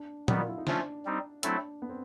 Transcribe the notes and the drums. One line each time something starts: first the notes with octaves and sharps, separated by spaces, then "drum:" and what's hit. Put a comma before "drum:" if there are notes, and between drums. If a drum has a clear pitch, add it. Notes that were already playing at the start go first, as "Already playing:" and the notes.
Already playing: D4
D#3 G3 B3 F#4, drum: tom
F4
E4
D#4
F3 A3 C#4 D4 F4, drum: snare
G3 C4 D#4
F#3 A3 C4 D4 E4 A4, drum: hi-hat
B3
C4